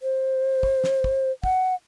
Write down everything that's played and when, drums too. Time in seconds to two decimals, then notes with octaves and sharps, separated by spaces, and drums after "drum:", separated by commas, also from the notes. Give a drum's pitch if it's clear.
0.02 C5
0.63 drum: kick
0.84 drum: snare
1.04 drum: kick
1.44 F#5, drum: kick